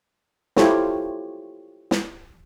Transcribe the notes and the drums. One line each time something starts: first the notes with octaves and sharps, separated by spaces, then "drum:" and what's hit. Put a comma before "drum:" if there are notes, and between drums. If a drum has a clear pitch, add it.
E4 F4 G4 A4 C5 C#5, drum: snare
drum: snare